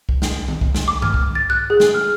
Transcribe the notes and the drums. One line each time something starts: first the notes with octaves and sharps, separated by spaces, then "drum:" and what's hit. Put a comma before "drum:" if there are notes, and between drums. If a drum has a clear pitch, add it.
drum: kick C2
drum: snare
drum: tom D#3
drum: kick C2
drum: snare
D6
F6, drum: tom G2
drum: kick C2
A6
F#6
G#4
drum: snare
F6